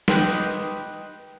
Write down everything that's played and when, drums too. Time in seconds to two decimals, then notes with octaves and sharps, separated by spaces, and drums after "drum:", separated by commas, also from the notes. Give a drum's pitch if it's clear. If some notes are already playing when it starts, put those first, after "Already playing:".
0.08 D#4 G4 B4 C6, drum: snare